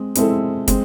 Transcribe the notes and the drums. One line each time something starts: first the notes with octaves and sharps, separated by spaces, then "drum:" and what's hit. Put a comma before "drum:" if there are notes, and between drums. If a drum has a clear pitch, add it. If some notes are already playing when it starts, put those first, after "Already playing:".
Already playing: G#3 C4
G#3 C4 E4 A4, drum: hi-hat
G#3 C4, drum: kick, hi-hat